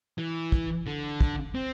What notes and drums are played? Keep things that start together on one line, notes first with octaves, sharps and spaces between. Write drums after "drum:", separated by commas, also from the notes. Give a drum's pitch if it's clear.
E3
drum: kick
D3
drum: kick
C4